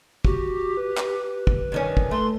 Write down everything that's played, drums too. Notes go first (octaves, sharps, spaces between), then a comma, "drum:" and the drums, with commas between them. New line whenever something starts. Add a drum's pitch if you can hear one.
F#4 G4, drum: kick
B4
drum: clap
drum: kick
G2 D#3 C#4
drum: kick
A3 C6